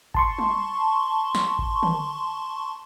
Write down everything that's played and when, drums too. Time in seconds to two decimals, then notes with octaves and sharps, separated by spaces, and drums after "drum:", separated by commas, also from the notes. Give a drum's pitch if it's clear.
0.14 A5 C6 C#6, drum: kick G1
0.38 drum: tom G3
1.35 drum: snare
1.59 drum: kick G1
1.83 drum: tom D3